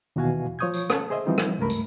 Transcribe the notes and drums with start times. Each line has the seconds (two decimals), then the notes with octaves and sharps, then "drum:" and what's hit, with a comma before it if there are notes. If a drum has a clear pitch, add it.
0.16 D#2 B2 E3 F#4 F5 G#5
0.59 F3 C#5 C#6 D#6 G6 G#6
0.74 drum: tambourine
0.90 C#4 A4, drum: rim click
1.10 G#4 C5 D#5 E5
1.26 E3 F3 G3 C4 D#4
1.38 drum: rim click
1.59 C#2 G2 A3 A#4 B5
1.70 drum: tambourine